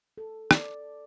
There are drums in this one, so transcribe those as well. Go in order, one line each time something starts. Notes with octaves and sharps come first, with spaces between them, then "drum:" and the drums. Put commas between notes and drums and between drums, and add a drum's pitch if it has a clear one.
A4
D5, drum: rim click